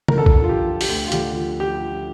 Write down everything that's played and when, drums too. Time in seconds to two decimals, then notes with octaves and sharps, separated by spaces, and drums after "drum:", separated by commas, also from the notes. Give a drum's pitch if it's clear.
0.08 A#4, drum: tom C#3
0.17 D3 A4
0.26 drum: kick
0.41 F3 F4
0.49 G4
0.65 F3
0.81 G4, drum: open hi-hat
0.89 D2
1.07 F4
1.12 D3 G4, drum: hi-hat
1.36 F3
1.59 F3 G4
1.83 F3